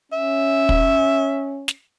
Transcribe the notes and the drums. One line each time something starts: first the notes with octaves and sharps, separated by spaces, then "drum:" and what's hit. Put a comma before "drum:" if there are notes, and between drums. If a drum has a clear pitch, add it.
C#4 E5
drum: kick
drum: snare